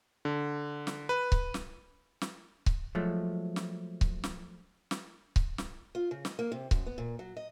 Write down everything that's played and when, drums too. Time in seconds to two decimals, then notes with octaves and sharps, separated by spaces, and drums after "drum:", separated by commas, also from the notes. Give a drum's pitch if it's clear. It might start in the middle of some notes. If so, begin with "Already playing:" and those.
0.25 D3
0.87 drum: snare
1.09 B4
1.32 drum: kick C#1
1.54 drum: snare
2.21 drum: snare
2.66 drum: kick C#1
2.95 F3 F#3 G#3 A3
3.56 drum: snare
4.01 drum: kick C#1
4.24 drum: snare
4.91 drum: snare
5.36 drum: kick C#1
5.58 drum: snare
5.95 F4
6.11 C#3
6.25 D#5, drum: snare
6.39 A#3
6.52 C3
6.71 F#2, drum: kick C#1
6.86 B3
6.98 A#2
7.19 F#3
7.37 D#5